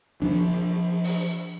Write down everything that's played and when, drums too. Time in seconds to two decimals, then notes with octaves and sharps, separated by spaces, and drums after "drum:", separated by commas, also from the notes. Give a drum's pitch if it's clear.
0.22 F3 D4
1.04 drum: open hi-hat